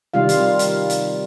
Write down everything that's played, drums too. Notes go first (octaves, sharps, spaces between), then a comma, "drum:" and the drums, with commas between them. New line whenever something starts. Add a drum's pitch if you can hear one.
C3 D#3 G3 F4 F5
drum: hi-hat
drum: hi-hat
drum: hi-hat